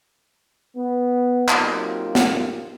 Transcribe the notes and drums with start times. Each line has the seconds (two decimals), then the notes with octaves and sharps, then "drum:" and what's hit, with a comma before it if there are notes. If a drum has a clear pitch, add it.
0.75 B3
1.49 F#3 A#3 C4 D#4 F4 G4, drum: clap
2.15 drum: snare